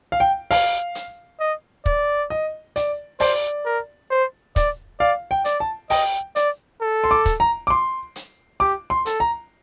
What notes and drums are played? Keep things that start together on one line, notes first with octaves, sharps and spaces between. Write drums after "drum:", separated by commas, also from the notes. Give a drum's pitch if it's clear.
F5
G5
F5, drum: open hi-hat
drum: hi-hat
D#5
D5, drum: kick
D#5
D5, drum: hi-hat
C5 D5, drum: open hi-hat
A#4
C5
D5, drum: kick, hi-hat
D5 F5
G5
D5, drum: hi-hat
A5
D#5 G5, drum: open hi-hat
D5, drum: hi-hat
A4
C6
D6
drum: kick, hi-hat
A#5
D6
C6
drum: hi-hat
G4 D6
C6
A4, drum: hi-hat
A#5